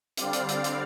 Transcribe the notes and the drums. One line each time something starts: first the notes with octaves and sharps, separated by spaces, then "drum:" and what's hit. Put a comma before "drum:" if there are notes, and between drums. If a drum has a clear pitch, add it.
D3 G3 C4 D5 F5, drum: hi-hat
drum: hi-hat
drum: hi-hat
drum: hi-hat